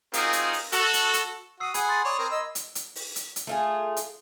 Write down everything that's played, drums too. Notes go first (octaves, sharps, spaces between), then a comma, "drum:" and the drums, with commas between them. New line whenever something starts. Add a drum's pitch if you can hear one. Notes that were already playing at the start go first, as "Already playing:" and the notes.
C4 D#4 F4 F#4 G#4 A#4, drum: hi-hat
drum: hi-hat
drum: open hi-hat
F#4 A4, drum: hi-hat
drum: hi-hat
drum: hi-hat
F#4 D#6 E6 C7
G#4 F#5 G#5 B5 G#6, drum: hi-hat
C6 A6
C#5 D5 D#6
C4 A#4
D#5 E6
drum: hi-hat
drum: hi-hat
drum: open hi-hat
drum: hi-hat
drum: hi-hat
A3 F4 G#4
drum: hi-hat